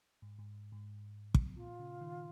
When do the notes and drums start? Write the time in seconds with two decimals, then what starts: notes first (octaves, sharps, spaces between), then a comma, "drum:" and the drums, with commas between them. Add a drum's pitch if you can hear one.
0.22 G#2
0.39 G#2
0.72 G#2
1.34 drum: kick
1.56 A#2 F4
1.79 C#3
2.01 D#3